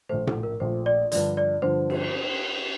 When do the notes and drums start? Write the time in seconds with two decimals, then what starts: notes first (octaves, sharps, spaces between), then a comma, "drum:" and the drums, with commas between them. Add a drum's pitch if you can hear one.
0.09 A#1 A#2 A3 C5
0.27 A4, drum: tom A2
0.43 A#4
0.60 A#1 A#2 A3 C5
0.86 D5
1.12 G2 D3 F3 D5, drum: hi-hat
1.37 D5
1.62 G2 D3 F3 C5
1.90 drum: cymbal